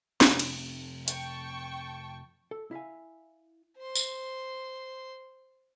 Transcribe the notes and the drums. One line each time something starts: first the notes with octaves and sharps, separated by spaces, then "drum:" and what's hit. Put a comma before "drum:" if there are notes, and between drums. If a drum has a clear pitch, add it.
F2 C3 A3, drum: snare
drum: cymbal
G5 A5 C#6, drum: hi-hat
A4
E4 E5 F5 G#5
C5 C6
drum: tambourine